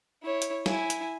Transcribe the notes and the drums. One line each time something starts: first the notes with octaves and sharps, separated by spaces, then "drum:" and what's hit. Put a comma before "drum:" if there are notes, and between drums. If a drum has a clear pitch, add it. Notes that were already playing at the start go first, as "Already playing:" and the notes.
E4 C#5
drum: hi-hat
E4 G#5, drum: snare
drum: hi-hat